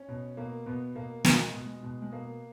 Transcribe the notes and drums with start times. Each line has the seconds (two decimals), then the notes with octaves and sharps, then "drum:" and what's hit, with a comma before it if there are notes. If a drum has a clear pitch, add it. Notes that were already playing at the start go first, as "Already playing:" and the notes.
Already playing: C#4
0.08 B2
0.37 B2 A#3
0.66 B2 B3
0.95 B2 A#3
1.24 B2 A#3, drum: snare
1.38 G#3
1.54 B2
1.65 G#3
1.83 B2
2.02 G#3
2.12 B2 A#3